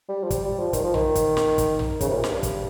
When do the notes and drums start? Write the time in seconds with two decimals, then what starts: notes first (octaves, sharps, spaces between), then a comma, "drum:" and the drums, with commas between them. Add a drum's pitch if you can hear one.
0.09 G3
0.24 F3
0.30 G3, drum: kick, hi-hat
0.44 G3
0.59 F3
0.73 D#3, drum: kick, hi-hat
0.84 F3
0.94 D#3, drum: tom A#1
1.15 drum: kick, hi-hat
1.37 drum: snare
1.58 drum: kick, hi-hat
1.79 drum: tom A#1
2.01 C#3, drum: kick, hi-hat
2.09 C3
2.15 A#2
2.24 G#2, drum: snare
2.29 G2
2.43 drum: kick, hi-hat